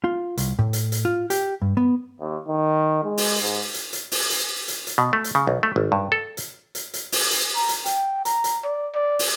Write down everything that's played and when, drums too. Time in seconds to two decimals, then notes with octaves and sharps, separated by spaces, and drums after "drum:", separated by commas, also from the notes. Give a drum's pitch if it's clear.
0.04 F4
0.37 C2, drum: hi-hat
0.59 A2
0.73 drum: hi-hat
0.92 drum: hi-hat
1.05 F4
1.30 G4, drum: hi-hat
1.62 G2
1.77 B3
2.20 D#2
2.48 D#3
3.03 G#3
3.18 drum: open hi-hat
3.42 G#2
3.74 drum: hi-hat
3.93 drum: hi-hat
4.12 drum: open hi-hat
4.30 drum: hi-hat
4.68 drum: hi-hat
4.87 drum: hi-hat
4.98 B2
5.13 A3
5.24 drum: hi-hat
5.35 C#3
5.47 B1
5.63 A3
5.76 G#1
5.92 G2
6.12 A4
6.37 drum: hi-hat
6.75 drum: hi-hat
6.94 drum: hi-hat
7.12 drum: open hi-hat
7.31 drum: hi-hat
7.55 A#5
7.69 drum: hi-hat
7.86 G5, drum: hi-hat
8.25 A#5, drum: hi-hat
8.44 drum: hi-hat
8.64 D5
8.95 D5
9.19 drum: open hi-hat